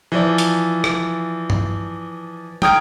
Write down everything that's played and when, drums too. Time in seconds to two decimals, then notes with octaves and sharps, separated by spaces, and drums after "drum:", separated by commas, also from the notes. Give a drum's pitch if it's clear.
0.12 E3 F3 D5
0.38 drum: hi-hat
0.84 drum: rim click
1.50 drum: tom G2
2.62 G5 A#5 D#6 F6 G#6 D7, drum: tom